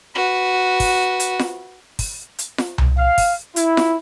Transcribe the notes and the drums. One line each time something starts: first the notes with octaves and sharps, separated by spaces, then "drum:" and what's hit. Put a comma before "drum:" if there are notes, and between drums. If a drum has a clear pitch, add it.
F#4 B4
drum: kick, open hi-hat
drum: hi-hat
drum: snare F4
drum: kick, open hi-hat
drum: hi-hat
drum: snare F4
drum: tom C2
F5
drum: kick, open hi-hat
E4, drum: hi-hat
drum: snare F4